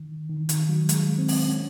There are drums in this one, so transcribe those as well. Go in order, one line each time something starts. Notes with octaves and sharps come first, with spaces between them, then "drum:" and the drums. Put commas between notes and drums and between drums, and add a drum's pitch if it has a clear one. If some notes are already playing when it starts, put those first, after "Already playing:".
Already playing: D#3
D#3
D#3, drum: hi-hat
F#3
G#3, drum: hi-hat
C4
drum: open hi-hat
C#4